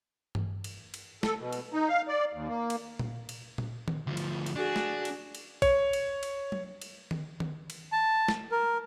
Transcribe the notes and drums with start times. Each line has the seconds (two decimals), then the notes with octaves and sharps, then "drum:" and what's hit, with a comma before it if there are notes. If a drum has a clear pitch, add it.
0.35 drum: tom G2
0.64 drum: cymbal
0.94 drum: cymbal
1.23 A4, drum: snare
1.40 B2
1.53 drum: cymbal
1.73 D#4
1.89 F5
2.08 D5
2.33 D#2
2.48 A#3
2.70 drum: cymbal
2.99 drum: tom A#2
3.29 drum: cymbal
3.58 drum: tom A#2
3.88 drum: tom D#3
4.07 D2 F3
4.17 drum: cymbal
4.46 drum: cymbal
4.56 D4 F#4 G#4
4.76 drum: snare
5.05 drum: cymbal
5.35 drum: cymbal
5.62 C#5, drum: kick, cymbal
5.93 drum: cymbal
6.23 drum: cymbal
6.52 drum: tom F#3
6.82 drum: cymbal
7.11 drum: tom D#3
7.40 drum: tom D#3
7.70 drum: cymbal
7.92 A5
8.28 drum: snare
8.52 A#4